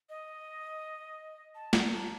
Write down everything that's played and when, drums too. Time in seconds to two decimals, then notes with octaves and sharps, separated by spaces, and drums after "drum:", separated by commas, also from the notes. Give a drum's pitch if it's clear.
0.09 D#5
1.55 A5
1.73 A#5, drum: snare
1.92 A5